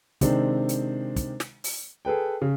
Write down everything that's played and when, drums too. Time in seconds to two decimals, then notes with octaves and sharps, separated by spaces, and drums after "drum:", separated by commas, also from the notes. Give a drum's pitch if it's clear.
0.21 C3 D#3 G#3 C4 D4, drum: kick, hi-hat
0.69 drum: hi-hat
1.16 drum: kick, hi-hat
1.40 drum: snare
1.64 drum: open hi-hat
2.05 G#4 A4 B4 G5
2.41 C#3